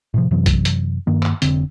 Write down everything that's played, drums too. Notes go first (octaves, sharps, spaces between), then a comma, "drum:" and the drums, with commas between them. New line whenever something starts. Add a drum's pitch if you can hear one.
A2 C3 F3
F#2 C3 E3 F#3
drum: kick, hi-hat
drum: hi-hat
G2 D#3 A#3
drum: clap
F1 D3 C4, drum: hi-hat